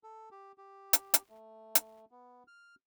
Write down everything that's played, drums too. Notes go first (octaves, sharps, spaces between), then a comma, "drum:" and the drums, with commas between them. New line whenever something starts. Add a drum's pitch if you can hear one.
A4
G4
G4
drum: hi-hat
drum: hi-hat
A3
drum: hi-hat
B3
F6